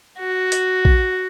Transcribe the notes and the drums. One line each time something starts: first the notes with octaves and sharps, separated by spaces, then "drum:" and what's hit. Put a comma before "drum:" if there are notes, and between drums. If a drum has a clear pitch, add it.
F#4
drum: hi-hat
drum: kick A#1